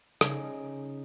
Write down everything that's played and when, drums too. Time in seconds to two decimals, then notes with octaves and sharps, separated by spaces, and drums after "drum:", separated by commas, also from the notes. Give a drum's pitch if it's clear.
0.21 C#3 D#4, drum: rim click